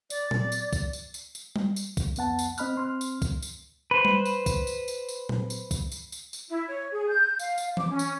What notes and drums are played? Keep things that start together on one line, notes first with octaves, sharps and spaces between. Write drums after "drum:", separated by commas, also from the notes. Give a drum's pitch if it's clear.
D5, drum: tambourine
drum: tom A#2
drum: tambourine
drum: kick, tambourine
drum: tambourine
drum: tambourine
drum: tambourine
drum: tom G3
drum: tambourine
drum: kick, tambourine
C2 F2 B3 F#5 A5, drum: tambourine
drum: tambourine
C4 D#5 B5 F6 F#6, drum: tambourine
C4 C6 F6
drum: tambourine
drum: kick, tambourine
drum: tambourine
B4 C5
drum: tom G3
drum: tambourine
drum: kick, tambourine
drum: tambourine
drum: tambourine
drum: tambourine
drum: tom A#2
drum: tambourine
drum: kick, tambourine
drum: tambourine
drum: tambourine
drum: tambourine
E4
C#5
G#4
G6
F5, drum: tambourine
drum: tambourine
D6, drum: tom E3
C#4
drum: tambourine